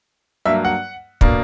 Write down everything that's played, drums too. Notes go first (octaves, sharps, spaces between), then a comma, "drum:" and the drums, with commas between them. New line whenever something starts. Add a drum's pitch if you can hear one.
G2 F#3 A#3 E5
F#5
B2 A#3 D4, drum: kick